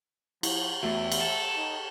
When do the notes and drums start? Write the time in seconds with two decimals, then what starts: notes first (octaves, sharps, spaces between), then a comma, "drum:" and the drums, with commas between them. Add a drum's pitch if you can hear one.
0.43 F3 E4, drum: cymbal
0.83 E2 A3 F#4 E5
1.12 drum: cymbal
1.21 A4
1.56 D#4